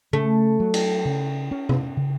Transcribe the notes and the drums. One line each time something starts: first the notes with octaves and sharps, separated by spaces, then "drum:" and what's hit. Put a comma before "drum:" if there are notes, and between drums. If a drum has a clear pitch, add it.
C#3 A3
F#3
drum: cymbal
C#3
C#4
drum: tom C3
C#3